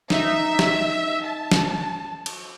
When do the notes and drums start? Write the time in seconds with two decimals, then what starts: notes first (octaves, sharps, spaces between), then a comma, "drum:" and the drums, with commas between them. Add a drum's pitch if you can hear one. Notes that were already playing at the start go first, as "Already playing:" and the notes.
0.10 D#4 E5, drum: snare
0.59 drum: snare
1.23 A5
1.52 drum: snare
2.26 drum: cymbal